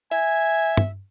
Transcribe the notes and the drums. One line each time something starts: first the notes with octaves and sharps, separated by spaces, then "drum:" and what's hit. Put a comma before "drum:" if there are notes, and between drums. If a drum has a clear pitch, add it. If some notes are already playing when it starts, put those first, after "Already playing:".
E5 G#5
drum: tom